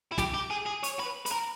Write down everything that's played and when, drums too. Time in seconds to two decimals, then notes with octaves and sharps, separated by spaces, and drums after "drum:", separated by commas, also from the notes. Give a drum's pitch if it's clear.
0.12 E4
0.18 G4, drum: snare
0.34 G4
0.51 G#4
0.66 G#4
0.84 C#5, drum: hi-hat
1.00 B4
1.26 B4, drum: hi-hat
1.32 A#4